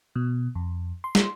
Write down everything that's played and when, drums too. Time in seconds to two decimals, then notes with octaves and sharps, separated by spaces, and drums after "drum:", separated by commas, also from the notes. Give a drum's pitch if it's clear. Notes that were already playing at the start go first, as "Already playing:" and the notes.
0.16 B2
0.55 F2
1.04 C6
1.15 drum: snare